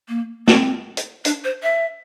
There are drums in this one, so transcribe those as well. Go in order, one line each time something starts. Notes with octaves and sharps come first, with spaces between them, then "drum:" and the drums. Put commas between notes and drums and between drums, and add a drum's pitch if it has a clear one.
A#3
C4, drum: snare
drum: hi-hat
D4, drum: hi-hat
C5
E5